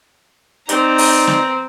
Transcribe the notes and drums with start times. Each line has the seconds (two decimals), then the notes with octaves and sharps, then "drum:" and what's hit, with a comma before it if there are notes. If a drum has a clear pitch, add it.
0.69 C4 D#4 D5 A#5, drum: hi-hat
0.98 drum: open hi-hat
1.27 drum: snare